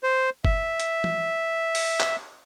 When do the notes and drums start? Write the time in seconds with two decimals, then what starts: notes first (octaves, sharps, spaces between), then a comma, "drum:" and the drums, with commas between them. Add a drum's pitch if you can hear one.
0.03 C5
0.45 E5, drum: kick F#1
0.80 drum: hi-hat
1.04 drum: tom
1.75 drum: open hi-hat
2.00 drum: clap